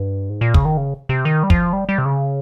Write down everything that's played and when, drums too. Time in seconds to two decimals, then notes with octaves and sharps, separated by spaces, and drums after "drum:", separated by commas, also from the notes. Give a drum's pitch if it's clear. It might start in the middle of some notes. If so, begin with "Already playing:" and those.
Already playing: G2
0.30 G#2
0.41 A#2
0.54 C#3, drum: kick
0.65 D#3
0.77 C#3
1.09 C3
1.25 D#3
1.43 G3
1.50 F3, drum: kick
1.73 G3
1.89 G3
1.98 C3
2.05 C#3